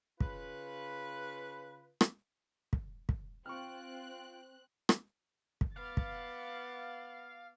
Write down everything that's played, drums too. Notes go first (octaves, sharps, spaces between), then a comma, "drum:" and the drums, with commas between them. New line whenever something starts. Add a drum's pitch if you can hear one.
C#3 F4 B4, drum: kick
drum: rim click
drum: kick
drum: kick
C4 F4 G5 C#6 F6 F#6
drum: rim click
drum: kick
B3 F5 F#5 D6 A6
drum: kick